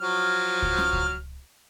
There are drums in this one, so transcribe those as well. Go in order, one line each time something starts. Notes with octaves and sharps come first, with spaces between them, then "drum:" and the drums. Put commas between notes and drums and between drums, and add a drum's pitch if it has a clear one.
F3 F#3 F6
drum: kick C#2
drum: snare C#4
drum: kick C#2